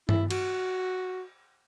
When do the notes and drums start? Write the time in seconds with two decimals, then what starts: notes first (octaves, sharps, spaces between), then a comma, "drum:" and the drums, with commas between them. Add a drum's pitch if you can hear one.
0.09 E4, drum: tom G2
0.31 F#4, drum: cymbal